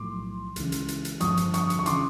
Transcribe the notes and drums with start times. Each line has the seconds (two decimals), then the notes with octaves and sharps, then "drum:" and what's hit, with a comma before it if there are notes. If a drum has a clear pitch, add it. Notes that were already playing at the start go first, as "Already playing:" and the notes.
Already playing: B1 A2 F3 C6 D6
0.56 C#2 C#3 E3, drum: hi-hat
0.72 drum: hi-hat
0.88 drum: hi-hat
1.05 drum: hi-hat
1.20 G1 F2 D3 F3 C#6 D#6, drum: hi-hat
1.37 drum: hi-hat
1.54 C#6 D#6, drum: hi-hat
1.70 drum: hi-hat
1.79 C#6
1.86 C#3 E3 C6 D6, drum: hi-hat